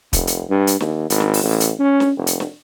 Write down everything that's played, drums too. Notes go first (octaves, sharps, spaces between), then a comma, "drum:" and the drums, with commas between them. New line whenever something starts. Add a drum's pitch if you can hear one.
F1, drum: kick, hi-hat
drum: hi-hat
G2
drum: hi-hat
D#2, drum: snare
G#1, drum: hi-hat
drum: snare
drum: open hi-hat
A1
drum: hi-hat
C#4
drum: snare
F1
drum: hi-hat
drum: snare